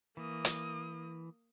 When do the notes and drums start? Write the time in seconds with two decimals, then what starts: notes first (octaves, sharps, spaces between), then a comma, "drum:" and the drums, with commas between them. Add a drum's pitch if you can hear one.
0.17 E3 A#3 D#6
0.45 drum: hi-hat